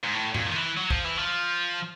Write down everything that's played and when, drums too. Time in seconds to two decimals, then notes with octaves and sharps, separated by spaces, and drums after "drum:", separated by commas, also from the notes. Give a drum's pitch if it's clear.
0.03 G#2
0.13 A2
0.35 A#2, drum: tom F#2
0.46 D#3
0.56 E3
0.77 F#3
0.90 F3, drum: kick
1.05 E3
1.17 F3